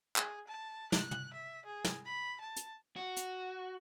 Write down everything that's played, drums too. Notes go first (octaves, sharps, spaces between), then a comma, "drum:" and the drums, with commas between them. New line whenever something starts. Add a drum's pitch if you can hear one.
G#4, drum: clap
A5
F#6, drum: snare
drum: tom
E5
G#4
drum: snare
B5
A5
drum: hi-hat
F#4
drum: hi-hat